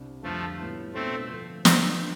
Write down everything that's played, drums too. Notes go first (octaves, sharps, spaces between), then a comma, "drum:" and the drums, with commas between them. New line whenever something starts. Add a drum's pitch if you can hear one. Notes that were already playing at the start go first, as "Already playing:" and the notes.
Already playing: C2 C3 D4
F2 D3 F3 G3 A3
A2 G3 B3 E4
B2 A3 B3 C4 D4 F4 A4
D3 F3 A3
D3 F3 A3 B3 C4 D4, drum: snare